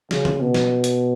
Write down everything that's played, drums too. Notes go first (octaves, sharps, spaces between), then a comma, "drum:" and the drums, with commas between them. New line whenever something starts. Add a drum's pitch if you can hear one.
C#3, drum: snare
drum: tom C#3
B2
drum: snare
drum: hi-hat